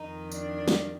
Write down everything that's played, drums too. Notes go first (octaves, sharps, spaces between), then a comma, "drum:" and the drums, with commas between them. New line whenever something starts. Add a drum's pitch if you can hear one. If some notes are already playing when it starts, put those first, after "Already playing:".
Already playing: F2 D#3 D#4
D4, drum: tambourine
drum: snare